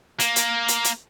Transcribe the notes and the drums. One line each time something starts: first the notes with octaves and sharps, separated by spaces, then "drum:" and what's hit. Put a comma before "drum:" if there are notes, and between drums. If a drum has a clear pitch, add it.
A#3, drum: hi-hat
drum: hi-hat
drum: hi-hat
drum: hi-hat